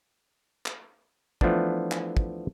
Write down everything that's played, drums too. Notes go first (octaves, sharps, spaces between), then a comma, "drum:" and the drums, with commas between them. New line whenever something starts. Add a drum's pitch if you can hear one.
drum: clap
E3 F3 A3 B3 D4, drum: kick
drum: clap
drum: kick